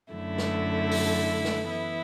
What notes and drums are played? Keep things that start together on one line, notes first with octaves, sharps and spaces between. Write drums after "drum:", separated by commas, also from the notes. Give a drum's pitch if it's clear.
F#2 D3 A3 E4 A4
drum: snare
drum: open hi-hat
drum: snare
E3 B3 E4